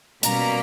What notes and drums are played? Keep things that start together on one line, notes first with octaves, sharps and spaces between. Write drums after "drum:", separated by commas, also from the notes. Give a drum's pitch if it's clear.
B2 G3 A#3 C#4 A#5, drum: hi-hat